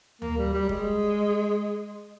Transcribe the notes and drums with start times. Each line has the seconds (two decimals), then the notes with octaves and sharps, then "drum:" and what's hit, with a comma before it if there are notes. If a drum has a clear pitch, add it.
0.22 A#3, drum: tom D2
0.38 G3
0.54 G3
0.69 G#3, drum: kick